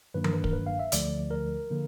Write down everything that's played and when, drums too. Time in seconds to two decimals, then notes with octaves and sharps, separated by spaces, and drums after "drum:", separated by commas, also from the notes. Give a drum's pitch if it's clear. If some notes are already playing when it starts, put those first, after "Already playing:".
0.14 G2 D#3 F#3 A#3 D4 B4
0.24 A#4, drum: tom E3
0.33 B4
0.44 A#4, drum: kick
0.53 B4
0.66 F5
0.79 E5
0.92 D2 D3 F3 A3 D5, drum: hi-hat
1.31 A#4
1.70 D3 F3 A#3